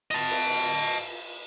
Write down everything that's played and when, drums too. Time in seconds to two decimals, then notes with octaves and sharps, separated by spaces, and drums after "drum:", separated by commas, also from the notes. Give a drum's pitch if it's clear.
0.11 D#5 A5, drum: cymbal
0.30 drum: cymbal